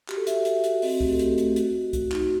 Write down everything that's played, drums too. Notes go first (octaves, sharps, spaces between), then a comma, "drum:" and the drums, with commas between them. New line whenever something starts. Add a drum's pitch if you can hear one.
F#4 G4, drum: clap
A4
F#4 E5, drum: hi-hat
F#4, drum: hi-hat
F#4, drum: hi-hat
C4 D#5, drum: open hi-hat
F#4
A3 G4, drum: kick C2
A4
A3 G4, drum: hi-hat
A3, drum: hi-hat
F#4, drum: hi-hat
F#4
F#4, drum: kick C2, hi-hat
D#4, drum: clap
F#4